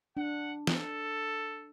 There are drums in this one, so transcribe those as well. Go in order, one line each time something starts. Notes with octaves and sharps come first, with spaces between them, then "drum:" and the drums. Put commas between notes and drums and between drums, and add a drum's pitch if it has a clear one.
D4 F#5
A4, drum: snare